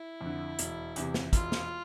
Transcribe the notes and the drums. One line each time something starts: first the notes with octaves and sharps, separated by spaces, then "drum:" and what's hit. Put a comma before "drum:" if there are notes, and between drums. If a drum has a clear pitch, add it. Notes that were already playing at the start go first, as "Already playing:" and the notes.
Already playing: E4
F2 D3
E1, drum: hi-hat
E2 C3, drum: hi-hat
drum: snare
E1 F4, drum: kick, hi-hat
drum: snare